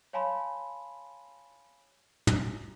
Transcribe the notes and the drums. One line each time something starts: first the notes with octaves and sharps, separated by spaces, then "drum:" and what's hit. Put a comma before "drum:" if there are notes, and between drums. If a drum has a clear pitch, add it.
C#5 F5 G#5 A5 B5 C6
drum: tom